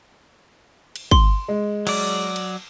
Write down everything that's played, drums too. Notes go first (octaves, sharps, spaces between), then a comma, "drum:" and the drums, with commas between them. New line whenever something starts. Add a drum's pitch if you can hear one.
drum: cymbal
C6, drum: kick
G#3
F#3 D5, drum: cymbal
drum: cymbal